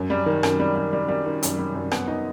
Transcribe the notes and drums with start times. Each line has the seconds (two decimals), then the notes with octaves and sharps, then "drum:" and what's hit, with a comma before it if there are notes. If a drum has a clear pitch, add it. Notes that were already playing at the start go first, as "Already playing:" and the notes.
Already playing: F#2
0.10 G3
0.26 D#3
0.43 F#2, drum: rim click
0.60 G3
0.76 G3
0.93 G3
1.08 G3
1.26 D#3
1.43 F#2, drum: hi-hat
1.59 G3
1.75 F#2
1.91 B3, drum: rim click
2.08 D#4